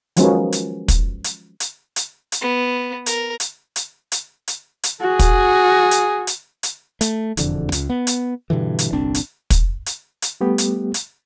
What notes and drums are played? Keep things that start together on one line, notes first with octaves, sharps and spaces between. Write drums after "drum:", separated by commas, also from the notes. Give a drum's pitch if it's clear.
D#3 F3 F#3 G#3 B3 C#4, drum: hi-hat
drum: hi-hat
drum: kick, hi-hat
drum: hi-hat
drum: hi-hat
drum: hi-hat
drum: hi-hat
B3
A#4, drum: hi-hat
drum: hi-hat
drum: hi-hat
drum: hi-hat
drum: hi-hat
drum: hi-hat
F#4 G#4
drum: kick, hi-hat
drum: hi-hat
drum: hi-hat
drum: hi-hat
A3, drum: hi-hat
E1 F2 D3, drum: hi-hat
C#2, drum: hi-hat
B3
drum: hi-hat
G2 B2 D3 E3
drum: hi-hat
G1 C2 C4 D4
drum: hi-hat
drum: kick, hi-hat
drum: hi-hat
drum: hi-hat
G3 A3 B3 G4
drum: hi-hat
drum: hi-hat